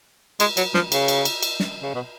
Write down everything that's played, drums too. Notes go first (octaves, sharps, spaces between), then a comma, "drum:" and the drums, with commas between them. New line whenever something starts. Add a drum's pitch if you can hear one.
G#3, drum: cymbal
F#3, drum: cymbal
F3, drum: snare
C#3, drum: cymbal
drum: cymbal
drum: cymbal
drum: cymbal
drum: snare
C#3
B2